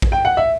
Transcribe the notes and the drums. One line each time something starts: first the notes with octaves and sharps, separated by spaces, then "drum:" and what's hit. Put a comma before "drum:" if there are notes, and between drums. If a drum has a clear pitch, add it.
drum: kick A1
G5
F#5
E5